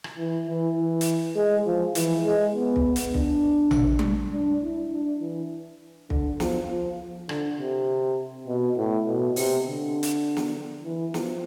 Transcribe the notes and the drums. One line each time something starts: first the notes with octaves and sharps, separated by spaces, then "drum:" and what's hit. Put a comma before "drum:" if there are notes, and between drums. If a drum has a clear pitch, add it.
drum: rim click
E3
E3
E3
drum: hi-hat
G#3
F3
E3, drum: hi-hat
G#3
B3
drum: kick
drum: hi-hat
D4, drum: kick
drum: tom A1
drum: tom G3
D4
E4
D4
E3
D3, drum: kick
F3, drum: snare
F3
D3, drum: rim click
C3
B2
A2
B2
C3, drum: open hi-hat
D3
drum: hi-hat
drum: snare
E3
F3, drum: snare